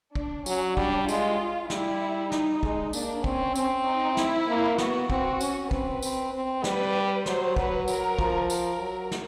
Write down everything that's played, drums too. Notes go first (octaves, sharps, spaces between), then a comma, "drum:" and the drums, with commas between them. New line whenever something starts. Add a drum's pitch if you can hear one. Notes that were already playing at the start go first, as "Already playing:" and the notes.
D4, drum: kick
F#3 C#4, drum: tambourine
G3 D4, drum: kick
G#3 F4, drum: tambourine
G3 E4, drum: snare
D#4, drum: snare
G#3, drum: kick
A#3 D4, drum: tambourine
C4 C#4, drum: kick
C4, drum: tambourine
D#4
E4, drum: snare
A#3
B3 F#4, drum: snare
C4 F#4, drum: kick
C#4, drum: tambourine
C4 B4, drum: kick
C4, drum: tambourine
C4
G3 B4, drum: snare
F#3 C5, drum: snare
F#3 B4, drum: kick
F#3 A#4, drum: tambourine
F3, drum: kick
A#4, drum: tambourine
F#3
drum: snare